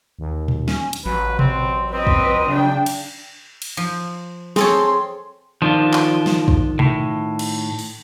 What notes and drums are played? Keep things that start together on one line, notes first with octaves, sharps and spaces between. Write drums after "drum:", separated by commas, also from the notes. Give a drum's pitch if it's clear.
D#2
drum: tom A#2
C#4, drum: snare
drum: hi-hat
A1 F#3 B4
C4, drum: tom B2
C4 B4 D#5
drum: kick
C#3 D4 G5
drum: cymbal
drum: cymbal
F3
C4 G#4 A4 C#5 C6, drum: snare
D#3 F3 D4 F4
drum: clap
drum: snare
drum: kick
A2, drum: tom B2
drum: cymbal
drum: open hi-hat